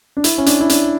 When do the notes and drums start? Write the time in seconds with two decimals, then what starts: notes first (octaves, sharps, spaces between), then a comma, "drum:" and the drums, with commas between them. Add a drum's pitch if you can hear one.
0.17 D4
0.24 E4, drum: hi-hat
0.38 C#4
0.46 D4, drum: hi-hat
0.60 E4
0.70 D4, drum: hi-hat